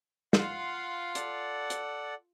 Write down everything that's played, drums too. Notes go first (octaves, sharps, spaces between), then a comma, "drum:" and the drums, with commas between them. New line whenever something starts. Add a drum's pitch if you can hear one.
F4 F5 F#5 C6, drum: snare
A4 D5 F#5, drum: hi-hat
drum: hi-hat